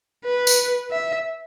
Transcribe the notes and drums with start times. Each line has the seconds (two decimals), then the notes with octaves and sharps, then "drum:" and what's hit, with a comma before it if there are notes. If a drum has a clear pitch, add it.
0.25 B4
0.47 drum: tambourine
0.91 E5